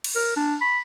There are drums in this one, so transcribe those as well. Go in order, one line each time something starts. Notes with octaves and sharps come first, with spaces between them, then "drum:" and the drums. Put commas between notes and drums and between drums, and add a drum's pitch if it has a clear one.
drum: cymbal
A#4
D4
B5